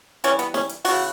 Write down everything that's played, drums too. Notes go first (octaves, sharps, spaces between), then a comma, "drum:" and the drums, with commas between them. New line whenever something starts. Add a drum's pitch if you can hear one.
E3 G3 B3 C#4, drum: hi-hat
B3, drum: hi-hat
C#4, drum: snare
drum: hi-hat
C#3 E3 B3 F#4, drum: open hi-hat